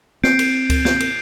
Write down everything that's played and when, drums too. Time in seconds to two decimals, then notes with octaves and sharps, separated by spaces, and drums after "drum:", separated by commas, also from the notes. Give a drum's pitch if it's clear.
0.24 C4 G6 C7 D7, drum: snare
0.39 drum: cymbal
0.70 drum: kick C#2, cymbal
0.85 G6, drum: snare
1.00 drum: cymbal